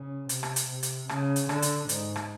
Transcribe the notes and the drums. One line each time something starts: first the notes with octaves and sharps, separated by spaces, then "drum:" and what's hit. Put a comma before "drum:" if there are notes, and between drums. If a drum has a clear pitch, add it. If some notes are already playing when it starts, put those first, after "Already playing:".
Already playing: C#3
C3, drum: hi-hat
drum: rim click
drum: hi-hat
C3
drum: hi-hat
C#3, drum: rim click
drum: hi-hat
D3, drum: rim click
drum: hi-hat
G#2, drum: hi-hat
drum: rim click